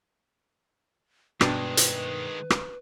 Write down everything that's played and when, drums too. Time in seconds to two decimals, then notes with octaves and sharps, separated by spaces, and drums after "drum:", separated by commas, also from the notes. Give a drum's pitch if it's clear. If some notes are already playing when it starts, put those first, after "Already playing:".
1.41 G2 B2 D#3 G#3 D4 B4 G5, drum: rim click
1.77 drum: hi-hat
2.50 drum: rim click